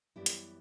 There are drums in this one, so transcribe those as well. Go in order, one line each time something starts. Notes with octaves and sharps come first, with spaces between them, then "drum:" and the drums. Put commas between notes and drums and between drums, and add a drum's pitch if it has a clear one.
F#2 E3 G3 B3 E4 G4
drum: hi-hat